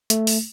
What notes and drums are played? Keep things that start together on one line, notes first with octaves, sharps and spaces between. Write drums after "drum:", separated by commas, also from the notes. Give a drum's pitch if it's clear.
A3, drum: hi-hat
drum: open hi-hat